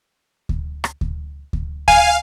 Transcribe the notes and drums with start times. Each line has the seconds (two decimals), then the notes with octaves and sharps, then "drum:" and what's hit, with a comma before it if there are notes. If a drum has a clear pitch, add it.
0.49 drum: kick D2
0.84 drum: rim click
1.01 drum: kick D2
1.53 drum: kick D2
1.88 F5 G#5, drum: kick D2